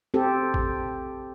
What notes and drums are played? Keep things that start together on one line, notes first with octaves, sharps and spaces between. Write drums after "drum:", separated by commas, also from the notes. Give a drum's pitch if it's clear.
C4 G4 A4
drum: kick A1